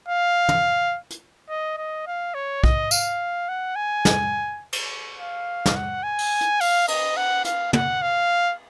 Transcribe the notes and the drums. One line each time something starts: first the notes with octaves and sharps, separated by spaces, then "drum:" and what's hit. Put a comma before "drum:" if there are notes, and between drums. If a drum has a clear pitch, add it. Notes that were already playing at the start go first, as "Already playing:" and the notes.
F5
drum: tom
drum: hi-hat
D#5
D#5
F5
C#5
D#5, drum: kick
F5, drum: tambourine
F#5
G#5
drum: snare
drum: cymbal
F5
drum: snare
F#5
G#5
drum: open hi-hat
drum: hi-hat
F5, drum: open hi-hat
D#5, drum: cymbal
F#5
F5, drum: hi-hat
F#5, drum: tom
F5